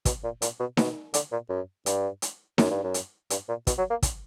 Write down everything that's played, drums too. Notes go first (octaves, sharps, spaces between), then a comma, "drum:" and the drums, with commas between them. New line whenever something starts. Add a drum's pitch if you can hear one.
B2, drum: kick, hi-hat
A#2
A#2, drum: hi-hat
B2
B2, drum: snare D#4
D3, drum: hi-hat
A#2
F#2
G2, drum: hi-hat
drum: hi-hat
F#2, drum: snare D#4
G2
F#2
drum: hi-hat
G2, drum: hi-hat
A#2
B2, drum: kick, hi-hat
F#3
A#3
drum: kick, hi-hat